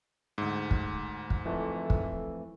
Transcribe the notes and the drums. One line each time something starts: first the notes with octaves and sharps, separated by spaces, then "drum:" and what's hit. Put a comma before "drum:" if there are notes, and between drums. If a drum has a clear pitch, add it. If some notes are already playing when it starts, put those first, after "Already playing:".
D2 G#2
drum: kick
drum: kick
F2 E3 A3
drum: kick